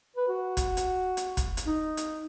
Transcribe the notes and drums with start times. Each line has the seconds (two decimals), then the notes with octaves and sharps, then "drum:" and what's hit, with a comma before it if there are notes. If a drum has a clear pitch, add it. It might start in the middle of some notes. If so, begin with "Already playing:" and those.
0.17 B4
0.28 F#4
0.57 drum: kick, hi-hat
0.77 drum: hi-hat
1.17 drum: hi-hat
1.37 drum: kick, hi-hat
1.57 drum: hi-hat
1.67 D#4
1.97 drum: hi-hat